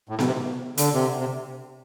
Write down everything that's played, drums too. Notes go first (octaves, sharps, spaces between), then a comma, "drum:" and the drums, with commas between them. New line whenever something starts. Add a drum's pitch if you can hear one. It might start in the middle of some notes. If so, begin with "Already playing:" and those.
A2
B2, drum: snare B3
C3
D3, drum: hi-hat
C3
C3